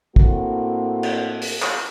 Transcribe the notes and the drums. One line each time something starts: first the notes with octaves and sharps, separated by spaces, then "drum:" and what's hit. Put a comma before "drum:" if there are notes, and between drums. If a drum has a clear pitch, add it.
A2 A#3 C4 F#4, drum: kick
drum: cymbal
drum: open hi-hat
drum: clap